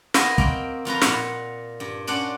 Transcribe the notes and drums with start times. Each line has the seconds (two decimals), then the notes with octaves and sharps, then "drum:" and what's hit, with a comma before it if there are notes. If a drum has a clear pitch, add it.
0.14 A#3 F#4 B4 C5 D#5 G#5, drum: snare
0.38 A#3 C4 G5, drum: kick
0.85 F2 F4 B4 A#5
1.02 A#2 F#5, drum: snare
1.80 G2
2.07 C#4 D4 C5 D5 F#5